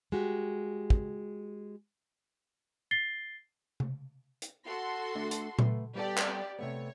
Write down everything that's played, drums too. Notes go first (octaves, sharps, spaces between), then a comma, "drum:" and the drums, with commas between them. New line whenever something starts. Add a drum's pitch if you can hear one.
G#3 F#4 G4
drum: kick
A6 C7 G7
drum: tom C3
drum: hi-hat
F#4 A4 C6
A3 D4
drum: hi-hat
A3 B4, drum: tom A#2
G3 B3 G4 A4 D5
drum: clap
C3 A3 B3 C#5